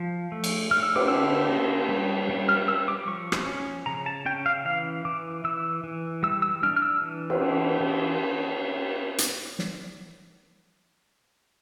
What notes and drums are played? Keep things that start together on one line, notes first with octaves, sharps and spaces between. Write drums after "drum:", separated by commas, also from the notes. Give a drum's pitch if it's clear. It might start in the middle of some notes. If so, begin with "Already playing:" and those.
Already playing: F3
A3
drum: cymbal
A3 F6
E6
D6, drum: cymbal
D3 E6
A#3
G3
G3
F6
G3 E6
D6
F3 C#6
drum: rim click
C#4
C#3 A#5
A5
C#4 G5
F5
E3 F5
E3 D6
E3 E6
E3
G3 E6
E6
D4 F6
F6
E6
E3
drum: cymbal
E3
E3
drum: hi-hat
drum: snare